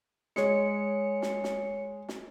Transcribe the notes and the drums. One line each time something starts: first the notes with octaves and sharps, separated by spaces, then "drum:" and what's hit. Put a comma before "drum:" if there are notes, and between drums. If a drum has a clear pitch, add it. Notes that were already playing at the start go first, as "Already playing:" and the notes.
G#3 C#5 C#7, drum: snare
drum: snare
drum: snare
drum: snare